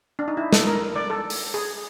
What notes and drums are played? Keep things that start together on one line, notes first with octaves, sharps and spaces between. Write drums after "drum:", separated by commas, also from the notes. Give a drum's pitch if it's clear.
D4
D#4
E4
A4, drum: snare
A#4
D5
A4
drum: open hi-hat
G#4